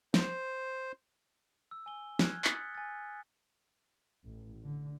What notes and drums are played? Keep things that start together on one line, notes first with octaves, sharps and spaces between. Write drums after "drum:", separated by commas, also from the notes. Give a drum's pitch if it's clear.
C5, drum: snare
E6
G#5 G7
F6 F#6 G#6, drum: snare
D#6 F#6 A6 B6 C#7, drum: clap
G#5 A6
A1
D3